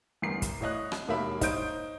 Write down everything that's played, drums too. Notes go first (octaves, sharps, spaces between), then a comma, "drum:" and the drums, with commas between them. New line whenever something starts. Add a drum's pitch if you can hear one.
G1 E2 A#4 C7
drum: kick, hi-hat
A2 C#5 D#5 F#6
drum: rim click
E1 D#2 A#3 C#5 E5 B5
D#4 C5 C#5 G6 D7, drum: kick, hi-hat